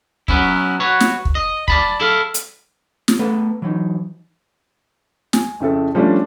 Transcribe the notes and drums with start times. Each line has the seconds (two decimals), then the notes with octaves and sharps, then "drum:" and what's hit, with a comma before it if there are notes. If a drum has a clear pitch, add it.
0.28 F#3 B3 C#4 E4, drum: kick
0.80 F#4 B4 C#5
1.00 drum: snare
1.25 drum: kick
1.35 D#5
1.68 D5 A5 B5, drum: kick
2.00 E4 A4 F5
2.34 drum: hi-hat
3.08 drum: snare
3.19 A3 B3 A4 B4
3.62 E3 F#3 D#4
5.33 G#5, drum: snare
5.60 F2 C#3 E4 A4
5.95 F3 G3 A3 C#4 D4